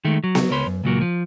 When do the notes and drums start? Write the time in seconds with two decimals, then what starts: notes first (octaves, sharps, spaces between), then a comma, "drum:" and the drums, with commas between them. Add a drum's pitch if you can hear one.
0.05 D#3 G#3 A3
0.24 F#3
0.35 drum: snare B3
0.51 C#2 A#4 C#5 B5 C6
0.67 F#2
0.84 C#2 A#2 F#3 A#3
1.01 F3